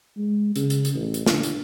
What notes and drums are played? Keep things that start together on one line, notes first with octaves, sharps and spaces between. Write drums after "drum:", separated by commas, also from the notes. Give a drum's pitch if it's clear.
G#3
C#3, drum: hi-hat
drum: hi-hat
drum: hi-hat
A1
drum: hi-hat
D3, drum: snare
drum: hi-hat